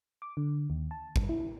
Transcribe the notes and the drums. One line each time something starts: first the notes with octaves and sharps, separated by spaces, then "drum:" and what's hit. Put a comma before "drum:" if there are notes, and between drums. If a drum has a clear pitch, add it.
D6
D3
D#2
A5
G2, drum: kick G#1
E4